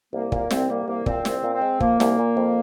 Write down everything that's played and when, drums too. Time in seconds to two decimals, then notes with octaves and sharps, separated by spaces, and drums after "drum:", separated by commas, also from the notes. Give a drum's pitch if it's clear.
0.13 C2 A#3
0.32 A#2 A#3, drum: kick
0.50 C2 C4, drum: snare
0.69 G3 A#3
0.88 C2 A#3
1.06 A#2 C4, drum: kick
1.25 C2 C4, drum: snare
1.44 A#2
1.54 C4
1.62 G#3
1.80 F3 A#3, drum: kick
2.00 C2, drum: snare
2.19 A#2
2.37 F2